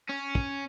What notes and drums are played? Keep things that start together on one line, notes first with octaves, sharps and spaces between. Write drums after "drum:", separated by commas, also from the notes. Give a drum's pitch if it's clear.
C#4
drum: kick